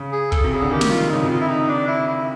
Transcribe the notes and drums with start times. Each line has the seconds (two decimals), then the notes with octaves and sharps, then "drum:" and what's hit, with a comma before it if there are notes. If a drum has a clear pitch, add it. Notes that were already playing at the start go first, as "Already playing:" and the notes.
Already playing: C#3
0.12 G#4
0.32 A4, drum: kick
0.44 C3
0.52 C#3 G#4
0.62 D3
0.71 D#3 G4
0.81 drum: snare
0.91 F4
1.10 C#3 D#4
1.23 C3
1.30 F4
1.40 E4
1.49 D#4
1.69 D4
1.87 E4
2.07 E4